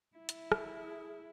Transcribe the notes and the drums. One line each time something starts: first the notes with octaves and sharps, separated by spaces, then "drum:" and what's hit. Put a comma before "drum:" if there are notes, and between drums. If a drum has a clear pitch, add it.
E4
drum: hi-hat
drum: rim click
G#4